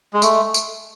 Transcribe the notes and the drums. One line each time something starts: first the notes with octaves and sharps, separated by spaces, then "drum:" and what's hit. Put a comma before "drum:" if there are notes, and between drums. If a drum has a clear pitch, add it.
G#3
A3, drum: tambourine
drum: tambourine